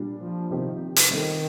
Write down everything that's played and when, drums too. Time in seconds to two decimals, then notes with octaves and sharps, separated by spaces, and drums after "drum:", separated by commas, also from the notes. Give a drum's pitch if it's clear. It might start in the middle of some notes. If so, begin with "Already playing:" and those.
Already playing: A#2 G3 D4
0.20 F3
0.50 C3 D#3 F3 C4 G4
0.96 drum: hi-hat
1.11 D#3 G3 C4 D#4 A4